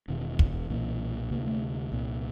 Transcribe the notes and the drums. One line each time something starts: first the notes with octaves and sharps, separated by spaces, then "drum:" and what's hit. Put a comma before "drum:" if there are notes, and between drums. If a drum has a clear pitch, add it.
E1 E2 B2 D#3
drum: kick
B1 A#2 E3
D2 C3 A#3
A3
C2 A#2